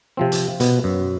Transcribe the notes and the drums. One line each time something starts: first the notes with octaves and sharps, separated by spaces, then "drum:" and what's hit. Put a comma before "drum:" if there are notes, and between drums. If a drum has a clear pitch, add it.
C3 F3 C4
drum: hi-hat
B2 B3, drum: hi-hat
F#2